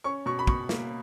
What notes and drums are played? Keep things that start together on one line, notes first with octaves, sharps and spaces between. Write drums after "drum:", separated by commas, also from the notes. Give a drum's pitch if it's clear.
C#4 C#6
B2 C#6
B5
B2 C#6, drum: kick
A#3, drum: snare